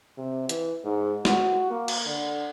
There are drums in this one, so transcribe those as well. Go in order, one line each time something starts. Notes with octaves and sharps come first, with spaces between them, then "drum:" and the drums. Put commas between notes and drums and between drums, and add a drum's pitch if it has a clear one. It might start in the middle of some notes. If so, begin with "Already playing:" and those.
C3
E3, drum: hi-hat
G#2
F#4, drum: snare
A#3
drum: cymbal
D3